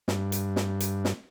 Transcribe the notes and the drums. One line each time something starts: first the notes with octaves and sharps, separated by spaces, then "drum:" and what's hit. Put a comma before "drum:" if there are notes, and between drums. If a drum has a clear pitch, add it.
G2, drum: snare
drum: hi-hat
drum: snare
drum: hi-hat
drum: snare